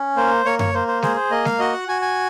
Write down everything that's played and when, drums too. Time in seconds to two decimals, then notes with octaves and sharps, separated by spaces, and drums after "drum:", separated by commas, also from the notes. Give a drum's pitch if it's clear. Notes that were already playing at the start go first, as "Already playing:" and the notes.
Already playing: C#4
0.16 A#3 C5
0.45 A#3 C#5
0.59 C#5, drum: tom F#2
0.74 A#3 C5
0.88 C5
1.02 G#4 C5, drum: snare G#3
1.16 C5
1.31 A#3 D#5
1.45 F5, drum: snare G#3
1.59 F#4 D#5
1.73 F#5
1.88 F#4 G#5
2.02 G#5